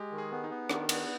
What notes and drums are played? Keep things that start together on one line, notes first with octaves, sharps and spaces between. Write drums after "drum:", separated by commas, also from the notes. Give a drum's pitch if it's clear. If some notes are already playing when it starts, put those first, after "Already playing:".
Already playing: G#3 G4
D#3
G#4
B3
D#4
B3
D#3 D4, drum: rim click
B3, drum: cymbal